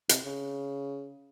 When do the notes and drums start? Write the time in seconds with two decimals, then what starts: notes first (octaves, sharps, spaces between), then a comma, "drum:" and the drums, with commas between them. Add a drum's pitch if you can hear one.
0.09 C3, drum: hi-hat
0.25 C#3